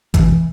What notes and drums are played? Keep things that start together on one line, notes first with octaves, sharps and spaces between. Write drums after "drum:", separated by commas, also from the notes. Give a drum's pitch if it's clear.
E3, drum: kick G#1, hi-hat